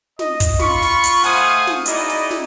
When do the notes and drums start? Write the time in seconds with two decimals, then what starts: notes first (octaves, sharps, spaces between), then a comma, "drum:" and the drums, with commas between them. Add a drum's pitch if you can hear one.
0.19 D#5, drum: snare
0.40 drum: kick, hi-hat
0.59 F4 B5 C#6, drum: snare
0.83 drum: open hi-hat
1.04 drum: hi-hat
1.24 A3 C5 F5 F#5 G#5 D#6, drum: open hi-hat
1.67 drum: snare
1.86 D#4 E4 F#4 G#4 D5 D#5, drum: hi-hat
2.10 drum: open hi-hat
2.31 drum: snare